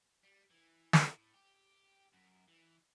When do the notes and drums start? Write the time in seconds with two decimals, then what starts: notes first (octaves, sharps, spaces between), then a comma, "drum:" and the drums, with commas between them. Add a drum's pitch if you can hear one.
0.24 G3
0.51 E3
0.93 drum: snare
1.03 A2
1.34 G4
2.13 F#2
2.48 E3